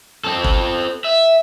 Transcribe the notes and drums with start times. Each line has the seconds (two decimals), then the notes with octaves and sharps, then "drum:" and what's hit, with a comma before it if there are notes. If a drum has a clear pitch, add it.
0.24 C4 A4
0.44 drum: kick
1.04 E5